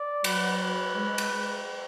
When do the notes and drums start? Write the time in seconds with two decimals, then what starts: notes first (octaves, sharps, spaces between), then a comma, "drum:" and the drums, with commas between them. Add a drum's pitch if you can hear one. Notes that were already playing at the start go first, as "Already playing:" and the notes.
Already playing: D5
0.24 F#3 B4, drum: cymbal
0.59 B4
0.94 G#3
1.18 drum: cymbal